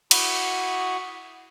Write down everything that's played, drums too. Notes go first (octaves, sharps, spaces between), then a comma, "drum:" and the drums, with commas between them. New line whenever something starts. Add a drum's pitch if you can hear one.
E4 F#4 F#5 B5 C#6 D#6, drum: cymbal